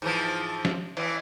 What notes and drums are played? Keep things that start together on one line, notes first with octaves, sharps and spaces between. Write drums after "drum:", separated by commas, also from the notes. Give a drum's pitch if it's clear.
G#2 E3 F3
drum: snare
E3, drum: cymbal